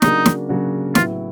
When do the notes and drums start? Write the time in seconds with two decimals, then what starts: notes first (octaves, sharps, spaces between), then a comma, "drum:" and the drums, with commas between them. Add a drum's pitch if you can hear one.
0.02 C#3 F#3 A#3 D4 D#4 F#4, drum: snare
0.26 drum: snare
0.49 C#3 F#3 A#3 D4 F#4
0.95 A2 F#3 B3 E4 F4, drum: snare